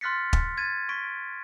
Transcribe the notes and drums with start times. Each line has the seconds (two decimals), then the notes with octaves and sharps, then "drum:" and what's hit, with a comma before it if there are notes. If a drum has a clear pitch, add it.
0.01 C6 F6 F#6 A6 B6 C#7
0.33 drum: kick
0.58 G#6 A6 D#7
0.89 C#6 G#6 B6 D7